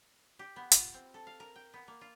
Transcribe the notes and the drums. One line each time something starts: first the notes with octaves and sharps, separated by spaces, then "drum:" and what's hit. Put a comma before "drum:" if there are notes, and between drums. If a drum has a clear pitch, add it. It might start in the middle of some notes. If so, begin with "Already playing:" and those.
G4
B3
F4, drum: hi-hat
C4
A4
F5
A#4
G5
B3
A#3
F4